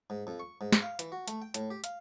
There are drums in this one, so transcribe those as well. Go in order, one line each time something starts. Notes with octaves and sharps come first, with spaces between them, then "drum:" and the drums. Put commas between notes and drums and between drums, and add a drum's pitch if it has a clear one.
G#2
F2
C#6
G#2
drum: snare
F5
E3, drum: hi-hat
F#4
A3, drum: hi-hat
G5
A2, drum: hi-hat
G4
F5, drum: hi-hat